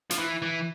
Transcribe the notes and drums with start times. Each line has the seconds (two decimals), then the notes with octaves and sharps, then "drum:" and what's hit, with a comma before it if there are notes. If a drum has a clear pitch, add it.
0.11 F3, drum: hi-hat
0.18 E3
0.42 E3